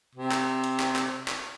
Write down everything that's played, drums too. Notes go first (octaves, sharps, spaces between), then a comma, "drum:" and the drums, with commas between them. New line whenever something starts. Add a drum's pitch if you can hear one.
C3
drum: clap
drum: hi-hat
drum: clap
drum: clap
drum: clap